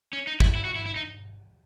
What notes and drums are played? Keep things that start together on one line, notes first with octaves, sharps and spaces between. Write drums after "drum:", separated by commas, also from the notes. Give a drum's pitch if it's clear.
C#4
D#4
E4, drum: kick
E4
F#4
E4
E4
D#4